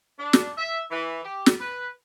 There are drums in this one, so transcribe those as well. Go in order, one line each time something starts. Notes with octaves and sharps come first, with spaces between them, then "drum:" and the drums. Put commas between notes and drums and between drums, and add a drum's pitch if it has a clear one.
D4
drum: snare
E5
E3
G4
drum: snare
B4